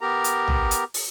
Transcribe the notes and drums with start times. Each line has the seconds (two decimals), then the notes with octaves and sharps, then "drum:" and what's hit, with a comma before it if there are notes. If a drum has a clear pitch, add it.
0.01 B3 G4 A#4 A#5
0.24 drum: hi-hat
0.48 drum: tom A#1
0.71 drum: hi-hat
0.94 drum: open hi-hat